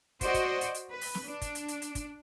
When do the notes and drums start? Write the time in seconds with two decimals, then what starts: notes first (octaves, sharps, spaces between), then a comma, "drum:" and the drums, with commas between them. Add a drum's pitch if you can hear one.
0.21 F#4 C5 D5 D#5, drum: kick, hi-hat
0.34 drum: kick, hi-hat
0.61 drum: hi-hat
0.74 drum: hi-hat
0.91 B4
1.01 drum: open hi-hat
1.15 drum: snare
1.25 D4
1.42 drum: kick, hi-hat
1.55 drum: hi-hat
1.68 drum: hi-hat
1.82 drum: hi-hat
1.95 drum: kick, hi-hat